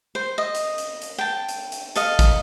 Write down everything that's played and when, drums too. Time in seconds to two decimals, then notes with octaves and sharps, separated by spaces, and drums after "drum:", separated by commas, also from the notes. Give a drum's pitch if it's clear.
0.15 C5
0.38 D#5
0.55 drum: hi-hat
0.78 drum: hi-hat
1.02 drum: hi-hat
1.18 G5 A5
1.49 drum: hi-hat
1.72 drum: hi-hat
1.96 A4 D#5 F5, drum: hi-hat
2.19 drum: kick A1, hi-hat